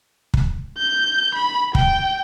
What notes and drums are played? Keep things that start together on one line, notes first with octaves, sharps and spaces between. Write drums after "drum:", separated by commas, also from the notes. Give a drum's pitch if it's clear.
drum: kick
G6
B5
G5, drum: kick